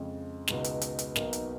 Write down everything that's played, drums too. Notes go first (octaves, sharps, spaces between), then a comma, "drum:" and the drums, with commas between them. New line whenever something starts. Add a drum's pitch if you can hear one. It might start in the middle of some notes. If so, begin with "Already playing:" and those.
Already playing: F2 C#3 F3 G#3
C#2 B2 G#3 D#4, drum: snare
drum: hi-hat
drum: hi-hat
drum: hi-hat
B1 B2 A#3 D#4, drum: snare
drum: hi-hat